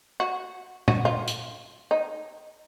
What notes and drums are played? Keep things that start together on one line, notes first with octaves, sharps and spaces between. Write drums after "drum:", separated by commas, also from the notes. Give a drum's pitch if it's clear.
F#4
F#4, drum: tom
F4
drum: hi-hat
D#4